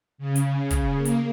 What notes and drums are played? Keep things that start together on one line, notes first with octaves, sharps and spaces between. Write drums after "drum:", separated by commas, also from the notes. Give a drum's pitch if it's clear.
C#3
drum: hi-hat
drum: kick, hi-hat
A#3
drum: hi-hat